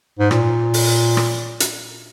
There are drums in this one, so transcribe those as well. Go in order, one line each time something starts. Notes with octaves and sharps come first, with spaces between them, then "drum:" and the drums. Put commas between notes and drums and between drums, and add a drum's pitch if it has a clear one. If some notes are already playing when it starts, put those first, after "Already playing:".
G#2
A#2, drum: rim click
drum: open hi-hat
drum: rim click
drum: hi-hat